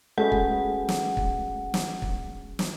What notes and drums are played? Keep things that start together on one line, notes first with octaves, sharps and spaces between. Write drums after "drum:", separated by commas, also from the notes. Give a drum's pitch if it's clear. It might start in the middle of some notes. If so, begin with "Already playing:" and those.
G#3 A3 C#4 F#4 G#4 A4 B4 F#5
drum: kick
drum: snare
drum: kick
drum: snare
drum: kick
drum: snare